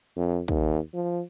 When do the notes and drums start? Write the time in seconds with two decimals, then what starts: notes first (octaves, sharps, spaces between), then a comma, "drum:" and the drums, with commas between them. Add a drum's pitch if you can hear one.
0.17 F2
0.48 D#2, drum: kick
0.94 F3